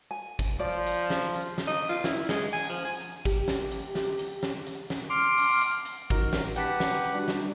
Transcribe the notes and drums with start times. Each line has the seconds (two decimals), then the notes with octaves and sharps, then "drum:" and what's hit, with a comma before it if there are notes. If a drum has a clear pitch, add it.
0.11 G#5
0.39 drum: kick G#1, hi-hat
0.59 F3 D5
0.87 drum: hi-hat
1.10 drum: snare
1.34 drum: hi-hat
1.58 drum: snare
1.67 D#5
1.89 F4
2.04 E4, drum: snare
2.29 G#3, drum: snare
2.53 G#5, drum: open hi-hat
2.69 F3
2.85 G#5
3.00 drum: hi-hat
3.25 G4, drum: kick G#1, hi-hat
3.48 drum: snare
3.71 drum: hi-hat
3.95 drum: snare
4.19 drum: hi-hat
4.43 drum: snare
4.66 drum: hi-hat
4.90 drum: snare
5.10 C6 D6 F6
5.38 drum: open hi-hat
5.61 drum: hi-hat
5.85 drum: hi-hat
6.10 A1 D#4 F#4 A#4, drum: kick G#1, hi-hat
6.33 drum: snare
6.56 G4 B4 F#5 G5 A5 B6, drum: hi-hat
6.80 drum: snare
7.04 drum: hi-hat
7.14 G3 D4 F#4
7.28 drum: snare